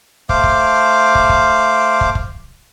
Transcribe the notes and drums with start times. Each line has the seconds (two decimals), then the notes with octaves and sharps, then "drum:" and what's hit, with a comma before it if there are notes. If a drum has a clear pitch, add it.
0.29 A3 C5 F5 D6, drum: kick
0.44 drum: kick
1.15 drum: kick
1.29 drum: kick
2.01 drum: kick
2.15 drum: kick